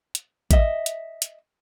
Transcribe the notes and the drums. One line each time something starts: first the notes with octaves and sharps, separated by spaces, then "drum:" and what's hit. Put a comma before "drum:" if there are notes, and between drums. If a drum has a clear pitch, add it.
drum: hi-hat
D#5 E5, drum: kick A1, hi-hat
drum: hi-hat
drum: hi-hat